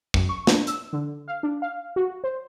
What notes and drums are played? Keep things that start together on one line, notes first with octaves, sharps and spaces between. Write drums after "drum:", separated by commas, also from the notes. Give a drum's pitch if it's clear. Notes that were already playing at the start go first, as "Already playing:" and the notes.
F#2, drum: kick
C#6
D4, drum: snare
E6, drum: hi-hat
D3
F5
D4
F5
F#4
C5